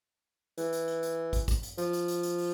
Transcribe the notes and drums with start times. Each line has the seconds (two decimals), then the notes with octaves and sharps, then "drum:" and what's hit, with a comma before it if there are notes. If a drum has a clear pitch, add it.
0.58 E3, drum: hi-hat
0.73 drum: hi-hat
0.88 drum: hi-hat
1.03 drum: hi-hat
1.33 drum: kick, hi-hat
1.48 drum: kick, hi-hat
1.63 drum: hi-hat
1.78 F3, drum: hi-hat
1.93 drum: hi-hat
2.08 drum: hi-hat
2.23 drum: hi-hat
2.38 drum: open hi-hat